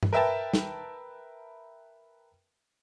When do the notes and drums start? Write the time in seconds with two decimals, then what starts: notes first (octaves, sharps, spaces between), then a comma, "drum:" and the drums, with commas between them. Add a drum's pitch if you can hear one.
0.03 drum: tom G2
0.13 A#4 B4 E5 G5 A5
0.53 drum: snare